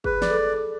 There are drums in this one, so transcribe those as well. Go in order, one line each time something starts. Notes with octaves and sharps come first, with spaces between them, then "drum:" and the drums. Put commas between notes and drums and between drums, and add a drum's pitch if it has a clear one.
G#4 B4, drum: kick G1
D5, drum: snare
A4